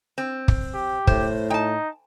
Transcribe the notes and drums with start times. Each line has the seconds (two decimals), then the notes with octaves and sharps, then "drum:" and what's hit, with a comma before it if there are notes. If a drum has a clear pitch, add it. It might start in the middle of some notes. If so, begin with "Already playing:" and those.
0.18 C4
0.48 drum: kick
0.74 G4
1.07 A2 C5, drum: kick
1.50 D#4 G5 A5